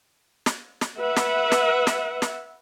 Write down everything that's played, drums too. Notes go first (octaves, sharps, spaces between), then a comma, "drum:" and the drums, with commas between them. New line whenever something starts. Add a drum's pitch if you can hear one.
drum: snare
drum: snare
B4 E5 F#5
drum: snare
drum: snare
drum: snare
drum: snare